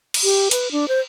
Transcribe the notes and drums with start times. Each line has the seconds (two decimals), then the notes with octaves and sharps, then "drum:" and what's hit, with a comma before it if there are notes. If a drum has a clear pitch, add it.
0.14 drum: cymbal
0.24 G4
0.51 B4, drum: hi-hat
0.72 D4
0.88 C5